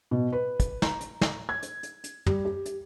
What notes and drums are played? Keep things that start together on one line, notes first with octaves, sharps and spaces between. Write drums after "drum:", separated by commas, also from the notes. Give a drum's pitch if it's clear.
B2
B4
drum: kick, hi-hat
A#5, drum: snare
drum: hi-hat
drum: snare
G#6
drum: hi-hat
drum: hi-hat
drum: hi-hat
G3, drum: tom
G4
drum: hi-hat